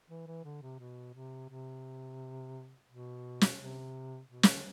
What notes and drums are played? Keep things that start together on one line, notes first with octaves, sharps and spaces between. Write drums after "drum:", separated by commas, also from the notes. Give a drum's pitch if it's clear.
E3
E3
D3
C3
B2
C3
C3
B2
drum: snare
C3
B2
drum: snare
D3